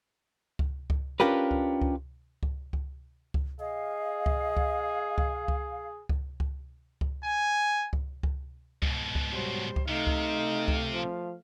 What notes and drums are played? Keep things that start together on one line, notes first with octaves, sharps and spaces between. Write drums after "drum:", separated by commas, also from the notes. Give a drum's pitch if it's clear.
drum: kick C#2
drum: kick C#2
C#4 D4 F4 G4 A#4 B4
drum: kick C#2
drum: kick C#2
drum: kick C#2
drum: kick C#2
drum: kick C#2
G#4 D#5 F5
drum: kick C#2
drum: kick C#2
drum: kick C#2
drum: kick C#2
drum: kick C#2
drum: kick C#2
drum: kick C#2
G#5
drum: kick C#2
drum: kick C#2
G#2 B2, drum: kick C#2
drum: kick C#2
F#3 G3 C5
drum: kick C#2
C3 A3 D#4 F5
drum: kick C#2
drum: kick C#2
F3